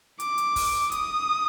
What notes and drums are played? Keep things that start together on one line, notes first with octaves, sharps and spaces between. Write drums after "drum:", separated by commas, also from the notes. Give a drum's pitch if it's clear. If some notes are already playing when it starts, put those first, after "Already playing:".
D6, drum: hi-hat
drum: hi-hat
drum: kick, open hi-hat
D#6, drum: hi-hat